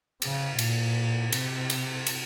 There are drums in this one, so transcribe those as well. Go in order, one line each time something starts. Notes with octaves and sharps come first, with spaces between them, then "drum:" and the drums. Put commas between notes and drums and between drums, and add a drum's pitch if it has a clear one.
C#3, drum: cymbal
A#2, drum: cymbal
C3, drum: cymbal
drum: cymbal
drum: cymbal